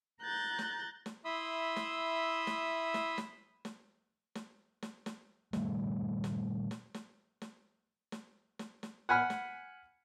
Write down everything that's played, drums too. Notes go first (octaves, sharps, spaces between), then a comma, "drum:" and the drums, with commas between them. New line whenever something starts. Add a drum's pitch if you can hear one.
A#5 F#6 G6 A6
drum: snare
drum: snare
E4 E5 B5 C6 D#6 E6
drum: snare
drum: snare
drum: snare
drum: snare
drum: snare
drum: snare
drum: snare
drum: snare
A#2 D#3 G3 A3, drum: snare
drum: snare
drum: snare
drum: snare
drum: snare
drum: snare
drum: snare
drum: snare
F#5 G#5 B5 F6
drum: snare